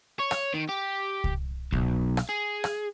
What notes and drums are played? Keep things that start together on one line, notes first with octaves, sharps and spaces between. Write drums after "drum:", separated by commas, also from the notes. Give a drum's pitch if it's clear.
C#5
drum: rim click
D#3
G4
drum: kick C2
B1, drum: kick C2
drum: rim click
G#4
drum: rim click